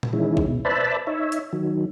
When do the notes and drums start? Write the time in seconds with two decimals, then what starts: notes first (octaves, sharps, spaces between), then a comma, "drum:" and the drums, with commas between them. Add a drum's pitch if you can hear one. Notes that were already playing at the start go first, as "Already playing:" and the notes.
0.03 drum: tom A#2
0.13 D#3 E3 G#3 C#4 E4
0.37 drum: kick A#1
0.48 B2
0.65 B4 C5 D5 E5 A5 B5
1.07 D#4 C#5 E5
1.32 drum: hi-hat
1.53 D#3 F#3